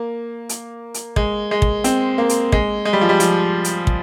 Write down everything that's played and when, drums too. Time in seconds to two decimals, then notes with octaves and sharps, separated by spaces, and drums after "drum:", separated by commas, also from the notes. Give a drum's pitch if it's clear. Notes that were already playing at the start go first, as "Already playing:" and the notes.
Already playing: A#3
0.49 drum: hi-hat
0.94 drum: hi-hat
1.16 G#3, drum: kick
1.51 G#3
1.62 drum: kick
1.84 C4, drum: hi-hat
2.18 A#3
2.29 drum: hi-hat
2.52 G#3, drum: kick
2.85 G#3
2.93 G3
3.01 F3
3.09 G3
3.20 F3, drum: hi-hat
3.64 drum: hi-hat
3.87 drum: kick